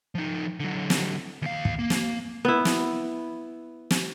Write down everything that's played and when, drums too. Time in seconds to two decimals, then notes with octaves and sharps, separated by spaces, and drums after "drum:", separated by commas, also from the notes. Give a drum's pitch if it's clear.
0.15 F3 D#4
0.60 D3 F#3
0.90 drum: snare
1.42 D#2 F5
1.65 drum: kick
1.79 A#3
1.90 drum: snare
2.45 B3 E4
2.65 drum: snare
3.91 drum: snare